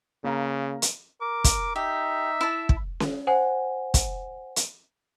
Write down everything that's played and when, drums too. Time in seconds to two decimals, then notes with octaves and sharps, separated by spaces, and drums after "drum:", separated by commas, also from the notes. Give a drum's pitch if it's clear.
0.24 C#3 A#3 F5 A#5
0.82 drum: hi-hat
1.21 A#4 D6
1.44 drum: kick, hi-hat
1.76 D#4 G4 E5
2.41 E4 A5
2.69 drum: kick
3.00 drum: snare C#4
3.27 C5 F#5 G#5
3.94 drum: kick, hi-hat
4.56 drum: hi-hat